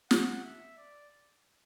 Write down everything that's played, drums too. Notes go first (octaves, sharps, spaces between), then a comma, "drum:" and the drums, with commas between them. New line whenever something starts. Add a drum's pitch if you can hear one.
F#5, drum: snare
E5
D5